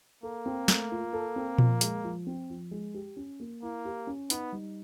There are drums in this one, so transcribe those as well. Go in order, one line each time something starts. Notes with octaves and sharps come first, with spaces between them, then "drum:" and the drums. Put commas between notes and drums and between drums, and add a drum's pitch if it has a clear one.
A#3 A4
C4
A3, drum: snare
F4
A4
C4
F3, drum: tom A#2
G#3, drum: hi-hat
F3
C4
F3
G#3
G4
C#4
A#3
A#3 E4
G4
C#4
B3 D#4, drum: hi-hat
G3